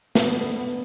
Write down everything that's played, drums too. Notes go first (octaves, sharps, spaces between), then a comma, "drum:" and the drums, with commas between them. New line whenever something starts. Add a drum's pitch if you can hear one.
D3 B3, drum: snare